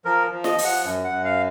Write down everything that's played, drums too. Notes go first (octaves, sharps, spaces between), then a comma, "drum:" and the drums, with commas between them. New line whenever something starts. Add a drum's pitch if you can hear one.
F3 A#4
F3
D#5, drum: snare
F3, drum: open hi-hat
F#5
F#2
F#5
F#2
F5